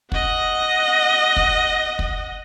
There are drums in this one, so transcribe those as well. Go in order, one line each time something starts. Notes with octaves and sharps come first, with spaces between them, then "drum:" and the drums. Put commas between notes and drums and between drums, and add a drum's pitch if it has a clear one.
D#5 F#5, drum: kick
drum: kick
drum: kick